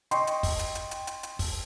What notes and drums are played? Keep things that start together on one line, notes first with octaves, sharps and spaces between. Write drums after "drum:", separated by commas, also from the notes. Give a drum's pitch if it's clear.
D#5 G5 C6 C#6, drum: hi-hat
drum: hi-hat
drum: kick, open hi-hat
drum: hi-hat
drum: hi-hat
drum: hi-hat
drum: hi-hat
drum: hi-hat
drum: kick, open hi-hat